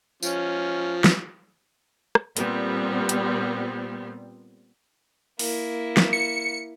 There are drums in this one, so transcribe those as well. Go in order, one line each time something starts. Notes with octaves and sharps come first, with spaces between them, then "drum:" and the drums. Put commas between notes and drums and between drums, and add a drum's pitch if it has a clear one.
F3 C#4, drum: tambourine
drum: snare
drum: rim click
A#2 G3 B3 C4, drum: hi-hat
drum: hi-hat
A#3 E4, drum: open hi-hat
drum: snare
C#7